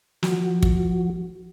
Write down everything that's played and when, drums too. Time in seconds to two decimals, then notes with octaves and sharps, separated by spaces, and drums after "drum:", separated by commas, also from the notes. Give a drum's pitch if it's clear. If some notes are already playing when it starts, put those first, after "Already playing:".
0.23 F3 F#4, drum: snare
0.63 drum: kick